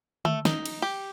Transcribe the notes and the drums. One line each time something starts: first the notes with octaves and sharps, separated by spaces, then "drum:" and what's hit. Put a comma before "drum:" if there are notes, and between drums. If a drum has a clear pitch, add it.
A3, drum: tom D3
D#4, drum: snare
drum: cymbal
G4